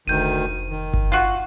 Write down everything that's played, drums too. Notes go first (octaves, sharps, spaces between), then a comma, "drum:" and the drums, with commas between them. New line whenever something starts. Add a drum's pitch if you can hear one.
F1 D2 D#3 G6 D#7
D#3
drum: kick G1
F4 F#4